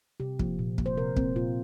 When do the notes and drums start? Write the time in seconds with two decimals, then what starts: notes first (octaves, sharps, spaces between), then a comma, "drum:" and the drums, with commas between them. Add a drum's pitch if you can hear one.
0.20 C3 G4
0.39 F3 A#3, drum: kick
0.59 A#2
0.78 F3 A#3, drum: kick
0.86 C5
0.97 C3 A#4
1.17 A#3 C4, drum: kick
1.36 A#2 F4